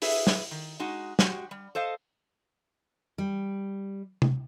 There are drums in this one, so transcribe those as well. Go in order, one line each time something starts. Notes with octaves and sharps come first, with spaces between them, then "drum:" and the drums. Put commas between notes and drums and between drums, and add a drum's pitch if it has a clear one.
E4 G#4 B4 E5, drum: open hi-hat
drum: snare
D#3
G#3 D#4 F#4
G#3 F#4 G4, drum: snare
G3
A4 C5 D#5 F5
G3
drum: tom C3